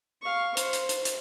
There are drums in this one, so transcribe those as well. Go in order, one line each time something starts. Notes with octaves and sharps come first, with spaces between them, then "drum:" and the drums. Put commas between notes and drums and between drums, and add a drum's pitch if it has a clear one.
F5 C#6
C5, drum: hi-hat
drum: hi-hat
drum: hi-hat
drum: hi-hat